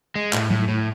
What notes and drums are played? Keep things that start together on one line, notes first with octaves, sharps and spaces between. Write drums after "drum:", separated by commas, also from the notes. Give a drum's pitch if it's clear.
G#3
A2, drum: clap
A2, drum: tom F#3
A2